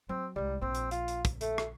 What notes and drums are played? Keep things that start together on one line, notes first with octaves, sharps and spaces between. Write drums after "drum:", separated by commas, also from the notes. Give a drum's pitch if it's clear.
F#3 C4
C2 G3 G#3
A#1 A#3 C4
drum: hi-hat
F4, drum: hi-hat
drum: hi-hat
drum: kick, hi-hat
A3, drum: hi-hat
drum: rim click